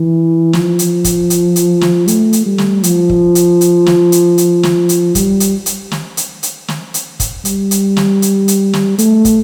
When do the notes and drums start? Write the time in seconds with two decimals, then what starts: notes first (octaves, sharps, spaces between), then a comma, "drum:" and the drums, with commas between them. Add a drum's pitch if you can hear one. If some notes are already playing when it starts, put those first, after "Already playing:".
Already playing: E3
0.53 F3, drum: snare
0.79 drum: hi-hat
1.04 drum: kick, hi-hat
1.30 drum: hi-hat
1.56 drum: hi-hat
1.81 drum: snare
2.08 A3, drum: hi-hat
2.33 drum: hi-hat
2.46 G3
2.58 drum: snare
2.83 F3, drum: hi-hat
3.10 drum: kick
3.35 drum: hi-hat
3.61 drum: hi-hat
3.86 drum: snare
4.12 drum: hi-hat
4.38 drum: hi-hat
4.63 drum: snare
4.89 drum: hi-hat
5.15 G3, drum: kick, hi-hat
5.40 drum: hi-hat
5.66 drum: hi-hat
5.92 drum: snare
6.17 drum: hi-hat
6.43 drum: hi-hat
6.68 drum: snare
6.94 drum: hi-hat
7.20 drum: kick, hi-hat
7.45 G3, drum: hi-hat
7.71 drum: hi-hat
7.97 drum: snare
8.22 drum: hi-hat
8.48 drum: hi-hat
8.73 drum: snare
8.98 A3, drum: hi-hat
9.25 drum: kick, hi-hat